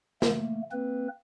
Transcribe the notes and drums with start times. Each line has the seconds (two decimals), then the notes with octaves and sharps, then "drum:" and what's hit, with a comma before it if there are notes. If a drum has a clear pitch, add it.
0.22 A3 A#3, drum: snare
0.71 A#3 C4 B4